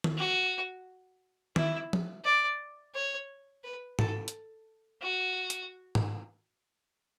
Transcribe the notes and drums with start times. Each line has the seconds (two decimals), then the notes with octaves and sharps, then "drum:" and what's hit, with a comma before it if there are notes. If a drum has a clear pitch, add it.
0.04 drum: tom D#3
0.17 F#4
1.56 E4, drum: tom D#3
1.93 drum: tom
2.25 D5
2.95 C#5
3.64 B4
3.99 A4, drum: tom G#2
4.28 drum: hi-hat
5.01 F#4
5.50 drum: hi-hat
5.95 drum: tom G#2